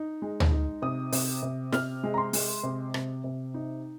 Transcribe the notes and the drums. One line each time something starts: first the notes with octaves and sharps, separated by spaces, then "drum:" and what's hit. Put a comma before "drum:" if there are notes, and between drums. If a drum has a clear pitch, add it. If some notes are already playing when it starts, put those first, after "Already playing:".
Already playing: D#4
G#3
drum: tom
D#4
C3 D#6
C3, drum: open hi-hat
C3
C3 F6, drum: snare
G#3
A#5
C6
G#3, drum: open hi-hat
C3
C3, drum: rim click
C3
D#4